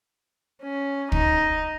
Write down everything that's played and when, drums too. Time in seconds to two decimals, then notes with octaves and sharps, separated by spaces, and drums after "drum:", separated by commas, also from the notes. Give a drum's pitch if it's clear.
0.63 C#4
1.12 D#4, drum: kick